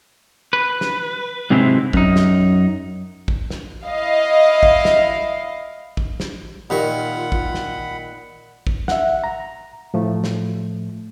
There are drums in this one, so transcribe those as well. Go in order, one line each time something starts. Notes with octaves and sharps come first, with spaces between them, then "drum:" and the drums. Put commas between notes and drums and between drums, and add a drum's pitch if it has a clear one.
B4
drum: snare
G#2 C3 F#3 G#3 C4 E4
F#2 D#4, drum: kick
drum: snare
drum: kick
drum: snare
E4 D#5 F5
drum: kick
drum: snare
drum: kick
drum: snare
A#2 D#3 F4 G4 A#4 F#5 B5 C#6
drum: kick
drum: snare
drum: kick
E5 F#5, drum: snare
A#5
A2 F3 A3
drum: snare